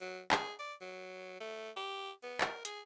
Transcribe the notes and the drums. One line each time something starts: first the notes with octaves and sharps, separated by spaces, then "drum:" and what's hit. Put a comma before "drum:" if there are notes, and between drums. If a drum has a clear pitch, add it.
F#3
G#4, drum: clap
D5
F#3
A3
G4
B3
A#4, drum: clap
G#4, drum: hi-hat